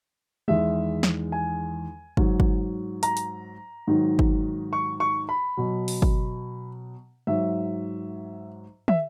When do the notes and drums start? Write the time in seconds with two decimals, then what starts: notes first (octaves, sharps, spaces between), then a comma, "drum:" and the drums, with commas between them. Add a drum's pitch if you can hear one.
0.48 E2 D#3 G#3 E5
1.03 drum: snare
1.32 G#5
2.17 G#2 F#3, drum: kick
2.40 drum: kick
3.03 A#5, drum: hi-hat
3.17 drum: hi-hat
3.87 G#2 D#3 F#3
4.19 drum: kick
4.73 C#6
5.00 C#6
5.29 B5
5.57 B2 F#3
5.88 drum: open hi-hat
6.02 drum: kick
7.27 G#2 F#3 E5
8.88 E5, drum: tom